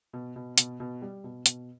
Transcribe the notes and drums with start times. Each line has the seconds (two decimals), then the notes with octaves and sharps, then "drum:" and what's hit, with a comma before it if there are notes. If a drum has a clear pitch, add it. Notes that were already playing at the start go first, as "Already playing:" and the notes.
0.13 B2
0.36 B2
0.58 B2, drum: hi-hat
0.80 B2
1.02 G3
1.24 B2
1.46 B2, drum: hi-hat